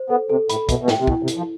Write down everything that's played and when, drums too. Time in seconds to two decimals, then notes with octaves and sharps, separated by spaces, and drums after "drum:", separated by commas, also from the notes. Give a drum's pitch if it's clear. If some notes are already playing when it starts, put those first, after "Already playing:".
Already playing: C5
0.10 B3 A4
0.30 C3 A4
0.50 A2 B5, drum: hi-hat
0.69 B2 E5, drum: kick, hi-hat
0.81 B2
0.88 A2 G5, drum: snare
1.00 C3
1.07 B2 E4, drum: kick
1.23 C3
1.28 A4, drum: hi-hat
1.37 F3